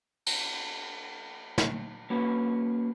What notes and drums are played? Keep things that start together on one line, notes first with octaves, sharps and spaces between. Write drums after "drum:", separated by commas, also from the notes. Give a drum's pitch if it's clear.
drum: cymbal
drum: snare
A#3 C#4 F#4 B4